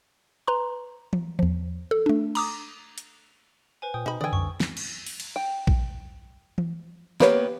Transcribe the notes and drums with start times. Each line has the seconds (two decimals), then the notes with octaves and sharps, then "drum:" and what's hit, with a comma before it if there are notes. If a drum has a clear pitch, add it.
0.47 B4 A#5 C6
1.13 drum: tom E3
1.39 E2 F3
1.91 A4
2.06 A3 D4
2.35 A#5 D6 D#6, drum: cymbal
2.98 drum: hi-hat
3.82 B4 C5 G#5
3.94 A#2 G5 D#6
4.06 B2 D#4 B5
4.21 D3 E3 D5 G5 G#5 D#6 E6
4.33 C2 C#6, drum: tom F2
4.60 drum: snare
4.77 drum: cymbal
5.06 drum: open hi-hat
5.20 drum: cymbal
5.36 G5
5.67 drum: kick
6.58 drum: tom E3
7.20 A#3 B3 G4 B4 C#5, drum: snare